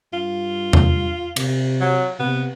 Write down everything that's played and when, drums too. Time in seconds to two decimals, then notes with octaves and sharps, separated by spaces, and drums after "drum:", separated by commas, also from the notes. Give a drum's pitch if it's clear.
0.13 G2 F4
0.73 drum: tom E2
1.36 C3, drum: cymbal
1.81 F#3
2.19 C3 B3